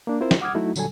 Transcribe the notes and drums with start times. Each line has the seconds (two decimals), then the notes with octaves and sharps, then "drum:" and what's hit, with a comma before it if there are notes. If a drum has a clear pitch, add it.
0.07 A#3 D4
0.21 C4 E4 F4 A#4 C5
0.31 drum: snare
0.41 F#5 D6 D#6 F6 G#6
0.55 F#3 A3 D#4 E4 F#4
0.76 A#2 D3 F#3 G3 A4 G#5, drum: tambourine